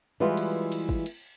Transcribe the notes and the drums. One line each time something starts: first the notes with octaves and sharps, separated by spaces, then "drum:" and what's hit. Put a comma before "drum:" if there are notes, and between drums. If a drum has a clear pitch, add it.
E3 G3 G#3 B3 F4 F#4
drum: cymbal
drum: cymbal
drum: kick
drum: cymbal